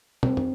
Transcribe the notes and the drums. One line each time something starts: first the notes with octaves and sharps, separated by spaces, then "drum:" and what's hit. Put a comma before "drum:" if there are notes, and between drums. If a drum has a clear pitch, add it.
C4, drum: tom
drum: tom